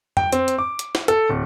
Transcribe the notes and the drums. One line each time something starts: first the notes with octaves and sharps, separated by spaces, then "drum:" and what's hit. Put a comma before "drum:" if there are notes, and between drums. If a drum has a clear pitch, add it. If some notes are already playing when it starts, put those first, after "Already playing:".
G5, drum: tom F2
C4, drum: hi-hat
drum: hi-hat
D6
drum: hi-hat
drum: snare
A4, drum: hi-hat
D1